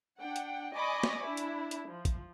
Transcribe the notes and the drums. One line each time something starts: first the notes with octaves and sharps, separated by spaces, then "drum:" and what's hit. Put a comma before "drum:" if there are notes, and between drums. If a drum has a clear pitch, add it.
D4 F#5 G5
drum: hi-hat
D5 D#5 G#5 B5 C#6 D6
drum: snare
D4 E4
drum: hi-hat
drum: hi-hat
F3
drum: kick A#1, hi-hat